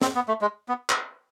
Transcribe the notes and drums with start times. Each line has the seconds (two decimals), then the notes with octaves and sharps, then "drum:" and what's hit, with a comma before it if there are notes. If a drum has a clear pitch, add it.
0.02 C4, drum: snare
0.15 B3
0.28 A3
0.41 G#3
0.68 B3
0.90 drum: clap